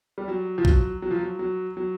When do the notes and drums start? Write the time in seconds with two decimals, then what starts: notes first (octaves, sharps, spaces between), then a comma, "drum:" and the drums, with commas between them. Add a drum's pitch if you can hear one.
0.18 G3
0.28 F#3
0.58 F3
0.65 F#3, drum: kick A#1
1.02 F#3
1.11 F3
1.19 F#3
1.39 F#3
1.77 F#3